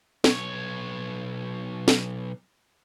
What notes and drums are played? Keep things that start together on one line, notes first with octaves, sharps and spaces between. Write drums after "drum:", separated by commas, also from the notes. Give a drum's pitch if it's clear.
B1 C#5, drum: snare
drum: snare